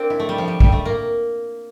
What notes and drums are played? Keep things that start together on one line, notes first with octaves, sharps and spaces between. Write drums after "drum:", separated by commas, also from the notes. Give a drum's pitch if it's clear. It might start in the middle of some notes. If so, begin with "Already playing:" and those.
Already playing: A#3 C4 D4
E4
A3
G3
F3
G3
G3, drum: kick
A3
A#3